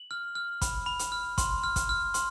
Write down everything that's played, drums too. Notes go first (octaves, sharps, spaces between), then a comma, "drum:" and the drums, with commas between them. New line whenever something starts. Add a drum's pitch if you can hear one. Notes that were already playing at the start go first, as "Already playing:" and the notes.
Already playing: F#7
F6
F6
B5, drum: kick, hi-hat
B5
drum: hi-hat
F6
C6, drum: kick, hi-hat
F6
drum: kick, hi-hat
F6
C6, drum: hi-hat